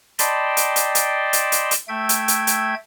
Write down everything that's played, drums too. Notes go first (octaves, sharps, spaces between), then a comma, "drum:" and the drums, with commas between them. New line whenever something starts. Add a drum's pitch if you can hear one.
D5 D#5 G5 A5 B5 C6, drum: hi-hat
drum: hi-hat
drum: hi-hat
drum: hi-hat
drum: hi-hat
drum: hi-hat
drum: hi-hat
A3 E5 G5 G#6
drum: hi-hat
drum: hi-hat
drum: hi-hat